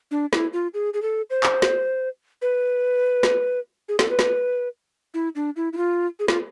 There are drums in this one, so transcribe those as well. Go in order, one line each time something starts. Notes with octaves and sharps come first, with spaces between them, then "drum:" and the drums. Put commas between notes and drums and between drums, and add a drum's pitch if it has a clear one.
D4
E4, drum: snare
F4
G#4
G#4
A4
C5
drum: clap
drum: snare
B4
drum: snare
G#4
A4, drum: snare
B4
drum: snare
E4
D4
E4
E4
F4
G#4
F4, drum: snare